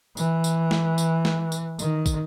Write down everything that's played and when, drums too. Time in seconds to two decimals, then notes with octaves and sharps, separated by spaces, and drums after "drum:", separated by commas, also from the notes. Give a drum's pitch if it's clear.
0.17 E3, drum: tambourine
0.44 drum: tambourine
0.71 drum: snare
0.98 drum: tambourine
1.25 drum: snare
1.52 drum: tambourine
1.79 D#3, drum: tambourine
2.06 drum: kick, tambourine